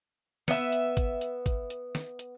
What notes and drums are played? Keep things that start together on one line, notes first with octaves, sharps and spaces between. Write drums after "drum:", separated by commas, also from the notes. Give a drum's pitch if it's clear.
B3 E5, drum: snare
drum: hi-hat
drum: kick G#1, hi-hat
drum: hi-hat
drum: kick G#1, hi-hat
drum: hi-hat
drum: snare
drum: hi-hat